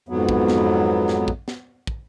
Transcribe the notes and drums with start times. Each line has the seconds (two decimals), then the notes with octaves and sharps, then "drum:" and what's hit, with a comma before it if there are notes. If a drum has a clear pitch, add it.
0.09 F2 G#2 F#3 B3
0.29 drum: kick
0.48 drum: snare
1.08 drum: snare
1.28 drum: kick
1.48 drum: snare
1.87 drum: kick